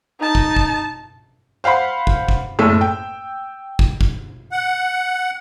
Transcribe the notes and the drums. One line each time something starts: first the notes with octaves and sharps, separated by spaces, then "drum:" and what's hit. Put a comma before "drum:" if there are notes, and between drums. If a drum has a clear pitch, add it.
D#4 A5
drum: kick
drum: kick
C5 F5 F#5 B5 C6
drum: kick
drum: kick
F#1 A2 A3 E6
G5
drum: kick
drum: kick
F#5